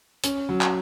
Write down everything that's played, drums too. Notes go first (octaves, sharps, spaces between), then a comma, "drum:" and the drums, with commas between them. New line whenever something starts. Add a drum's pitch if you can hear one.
C#4, drum: hi-hat
F#3
drum: clap